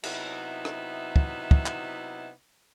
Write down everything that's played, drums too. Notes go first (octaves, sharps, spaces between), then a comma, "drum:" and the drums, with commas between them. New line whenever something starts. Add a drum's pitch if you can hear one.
C3 F#3 B3 D#4 E4 E5, drum: cymbal
drum: rim click
drum: kick
drum: kick
drum: clap